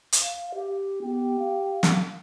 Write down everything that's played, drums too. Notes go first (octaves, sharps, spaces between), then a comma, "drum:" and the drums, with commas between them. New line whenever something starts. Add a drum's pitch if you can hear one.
drum: hi-hat
F5
G4
B3 G4
F5
drum: snare